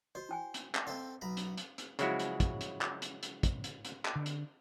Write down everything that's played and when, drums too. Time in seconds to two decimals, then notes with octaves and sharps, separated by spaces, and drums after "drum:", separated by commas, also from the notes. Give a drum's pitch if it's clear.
0.15 F#4 C5 D#5
0.29 E4 G5 G#5
0.54 drum: hi-hat
0.75 drum: clap
0.87 C4 A4 C5 D#5 F5
1.21 B1 A#5 B5
1.37 drum: hi-hat
1.58 drum: hi-hat
1.78 drum: hi-hat
1.99 C#3 F3 F#3 G#3 E4 F#4, drum: hi-hat
2.19 drum: hi-hat
2.40 drum: kick, hi-hat
2.61 drum: hi-hat
2.81 drum: clap
3.02 drum: hi-hat
3.23 drum: hi-hat
3.43 drum: kick, hi-hat
3.64 drum: hi-hat
3.85 drum: hi-hat
4.05 drum: clap
4.16 D3
4.26 drum: hi-hat